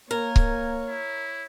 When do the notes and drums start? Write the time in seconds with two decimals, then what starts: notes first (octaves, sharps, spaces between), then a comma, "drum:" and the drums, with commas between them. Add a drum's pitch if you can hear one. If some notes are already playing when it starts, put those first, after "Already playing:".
0.11 A#3 A#4 C#5 G#5
0.36 drum: kick C#1
0.88 E4